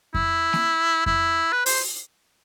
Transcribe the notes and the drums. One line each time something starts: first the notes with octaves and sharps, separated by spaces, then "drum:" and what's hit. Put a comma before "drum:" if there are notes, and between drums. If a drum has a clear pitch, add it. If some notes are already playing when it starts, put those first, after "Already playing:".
E4, drum: kick F2
drum: snare A#3
E4, drum: kick F2
B4
C5, drum: open hi-hat